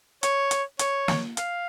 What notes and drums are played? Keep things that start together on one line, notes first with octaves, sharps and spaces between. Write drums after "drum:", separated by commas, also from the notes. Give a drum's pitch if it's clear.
C#5, drum: hi-hat
drum: hi-hat
C#5, drum: hi-hat
drum: snare
F5, drum: hi-hat